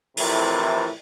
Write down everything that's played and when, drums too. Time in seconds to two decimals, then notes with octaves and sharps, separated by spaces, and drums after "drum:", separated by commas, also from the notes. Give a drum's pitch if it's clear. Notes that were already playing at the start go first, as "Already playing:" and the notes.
0.17 F2 A2 C3 E3 A#4, drum: open hi-hat